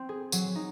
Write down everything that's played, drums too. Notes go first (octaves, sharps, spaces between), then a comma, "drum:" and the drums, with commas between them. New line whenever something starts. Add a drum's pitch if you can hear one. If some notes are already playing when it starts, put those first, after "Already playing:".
Already playing: C4
G#4
F#3, drum: tambourine
D#4